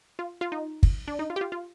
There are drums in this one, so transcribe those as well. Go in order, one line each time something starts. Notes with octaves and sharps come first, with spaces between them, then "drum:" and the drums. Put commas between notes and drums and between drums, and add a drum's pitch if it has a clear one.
F4
F4
D#4
drum: kick
D4
D#4
F4
G4
F4
F4